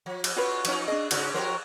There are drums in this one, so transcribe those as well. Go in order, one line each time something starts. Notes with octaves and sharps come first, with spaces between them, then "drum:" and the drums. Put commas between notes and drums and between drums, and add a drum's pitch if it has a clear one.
F3
drum: cymbal
C#4 F4 F#4 B4 C#5
F3 C#4 D#4, drum: cymbal
D4 G#4 D#5
G#2 C#3 C#4 F#4 C#5, drum: cymbal
F3 G4 A#4 C5 C#5